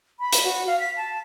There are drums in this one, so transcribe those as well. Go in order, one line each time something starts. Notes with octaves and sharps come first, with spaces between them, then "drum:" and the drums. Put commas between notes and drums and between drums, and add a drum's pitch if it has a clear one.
B5
drum: hi-hat
F#4
F5
B6
A5